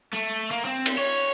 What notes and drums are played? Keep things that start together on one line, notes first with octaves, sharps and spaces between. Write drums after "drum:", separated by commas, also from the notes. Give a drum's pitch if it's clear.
A3
A#3
C4
drum: cymbal
C#5